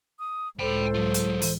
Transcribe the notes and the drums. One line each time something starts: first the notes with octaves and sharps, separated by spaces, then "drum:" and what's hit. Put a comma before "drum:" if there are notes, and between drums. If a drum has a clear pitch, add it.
D#6
C#2 A2 A4 C5 G5 B5
F#3 F4
drum: hi-hat
drum: open hi-hat